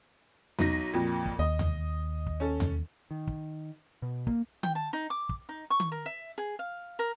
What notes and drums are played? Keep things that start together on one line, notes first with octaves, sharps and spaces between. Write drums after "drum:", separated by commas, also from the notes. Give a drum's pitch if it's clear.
B1 D#4 A#6, drum: tom E2
F2 A#2
drum: kick
D#2 D#5
drum: tom E2
drum: kick
C#4 A4
drum: tom E2
D#3
drum: kick
B2
A#3, drum: kick
G5, drum: tom D#3
A5
D#4
D6
drum: kick
D#4
C#6
drum: tom D#3
A#4
E5
G#4
F5
A#4